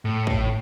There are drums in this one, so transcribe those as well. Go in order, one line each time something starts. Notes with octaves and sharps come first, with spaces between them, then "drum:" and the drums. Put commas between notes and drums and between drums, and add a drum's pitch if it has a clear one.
A2
drum: kick